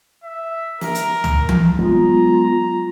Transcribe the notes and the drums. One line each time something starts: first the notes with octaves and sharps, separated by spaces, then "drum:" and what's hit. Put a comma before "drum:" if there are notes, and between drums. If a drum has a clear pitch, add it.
E5
A#4, drum: snare
drum: hi-hat
drum: tom
drum: tom E3
F#3 G#3 B3 F4 A#5